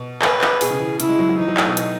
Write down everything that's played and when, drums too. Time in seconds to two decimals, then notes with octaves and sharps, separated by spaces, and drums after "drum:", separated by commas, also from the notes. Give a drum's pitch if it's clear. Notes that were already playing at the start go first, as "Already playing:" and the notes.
Already playing: B2
0.22 B4, drum: clap
0.41 drum: clap
0.61 B2 G#4, drum: open hi-hat
0.71 C#3
0.80 E3
1.00 C#3 E4, drum: hi-hat
1.09 G#3
1.19 F#3
1.29 F#3
1.38 E3 D#4
1.48 F#3
1.57 A3, drum: clap
1.67 B2
1.77 drum: hi-hat